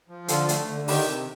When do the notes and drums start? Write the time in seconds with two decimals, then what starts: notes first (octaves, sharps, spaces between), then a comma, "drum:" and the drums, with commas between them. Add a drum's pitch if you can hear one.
0.09 F3
0.28 D3 F4 A4, drum: hi-hat
0.49 A3, drum: hi-hat
0.68 D3
0.88 D#3 G4, drum: open hi-hat
1.07 C3